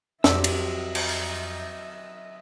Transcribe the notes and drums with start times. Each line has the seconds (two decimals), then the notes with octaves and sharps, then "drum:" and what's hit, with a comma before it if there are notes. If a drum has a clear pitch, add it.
0.24 F2 F#3 C4 G4 D#5 E5 E6, drum: snare
0.44 drum: cymbal
0.95 drum: cymbal
1.09 drum: open hi-hat